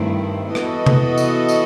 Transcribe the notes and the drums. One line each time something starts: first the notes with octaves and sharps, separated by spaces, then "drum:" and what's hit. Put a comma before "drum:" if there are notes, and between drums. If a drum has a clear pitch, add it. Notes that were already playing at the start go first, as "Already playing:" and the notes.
Already playing: G2 D#3 A3 C4 E4
E3 B3 F#4 A4 D#5, drum: rim click
drum: tom C3
drum: tambourine
drum: tambourine